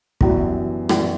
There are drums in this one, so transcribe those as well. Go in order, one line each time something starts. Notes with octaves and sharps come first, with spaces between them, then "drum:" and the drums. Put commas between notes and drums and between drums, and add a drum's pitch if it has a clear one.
F#2 E3 G3 B3 F#4, drum: kick
F#2 E3 G3 B3 F#4, drum: rim click